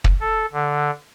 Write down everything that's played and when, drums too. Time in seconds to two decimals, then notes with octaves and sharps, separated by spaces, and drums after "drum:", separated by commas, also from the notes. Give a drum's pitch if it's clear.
0.04 drum: kick
0.21 A4
0.53 D3